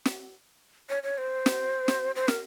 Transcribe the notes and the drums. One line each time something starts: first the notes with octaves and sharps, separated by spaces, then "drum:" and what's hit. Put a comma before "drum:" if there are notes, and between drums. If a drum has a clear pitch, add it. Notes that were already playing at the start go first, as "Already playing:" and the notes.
drum: snare
C#5
C#5
C5
drum: snare
drum: snare
C5
A#4, drum: snare